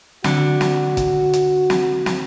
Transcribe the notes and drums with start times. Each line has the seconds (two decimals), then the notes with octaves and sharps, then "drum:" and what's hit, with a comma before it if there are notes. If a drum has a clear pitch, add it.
0.24 D3 F#4, drum: snare
0.61 drum: snare
0.97 drum: kick, hi-hat
1.33 drum: hi-hat
1.70 drum: snare
2.06 drum: snare